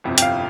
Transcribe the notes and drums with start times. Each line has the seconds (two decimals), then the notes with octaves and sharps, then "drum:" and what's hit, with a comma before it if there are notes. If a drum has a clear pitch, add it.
0.04 G1 F2 C3 F3
0.18 G5, drum: hi-hat
0.22 F5